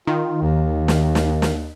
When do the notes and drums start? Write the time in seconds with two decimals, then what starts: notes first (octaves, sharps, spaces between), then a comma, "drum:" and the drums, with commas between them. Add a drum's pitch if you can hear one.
0.07 D#3 F4
0.42 D#2
0.88 drum: snare
1.15 drum: snare
1.42 drum: snare